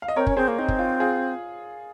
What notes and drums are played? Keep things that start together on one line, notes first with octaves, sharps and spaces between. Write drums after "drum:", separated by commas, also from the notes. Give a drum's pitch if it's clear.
F5
D#5
C4 A#4 C#5
C#4, drum: kick F#1
C4 G#4 C5
A#3
C4 D#4
drum: kick F#1
F4
F4 G#4